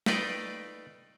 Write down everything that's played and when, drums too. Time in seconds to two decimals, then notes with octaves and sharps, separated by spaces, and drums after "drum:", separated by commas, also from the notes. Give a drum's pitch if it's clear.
0.06 A3 D#4 F4 B4 D5 G5, drum: snare